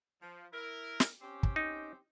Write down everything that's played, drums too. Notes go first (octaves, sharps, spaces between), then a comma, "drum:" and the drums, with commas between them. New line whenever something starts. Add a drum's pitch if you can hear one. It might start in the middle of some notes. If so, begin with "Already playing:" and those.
F3
E4 A#4
drum: snare
C4 C#4 G4
drum: kick
D#4